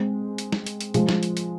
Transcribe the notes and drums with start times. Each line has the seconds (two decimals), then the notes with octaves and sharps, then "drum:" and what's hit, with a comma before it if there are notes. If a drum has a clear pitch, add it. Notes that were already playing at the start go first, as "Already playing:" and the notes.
Already playing: G#3 C4
0.38 drum: hi-hat
0.52 drum: snare
0.66 drum: hi-hat
0.81 drum: hi-hat
0.94 F3 G#3, drum: hi-hat
1.09 drum: snare
1.23 drum: hi-hat
1.37 drum: hi-hat